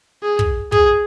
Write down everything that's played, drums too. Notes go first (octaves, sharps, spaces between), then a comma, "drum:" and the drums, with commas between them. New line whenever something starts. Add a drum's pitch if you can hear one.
G#4
drum: kick
G#4, drum: kick